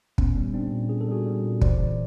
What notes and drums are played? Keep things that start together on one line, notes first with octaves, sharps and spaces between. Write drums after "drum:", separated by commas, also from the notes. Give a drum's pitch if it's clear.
A#2 B3 C#4, drum: kick
G3
G3 C4 D4
A#2
A#2 G#4
A4
G3 F#4 G#4
G3
A#2
E3 C5 D5, drum: kick
C#3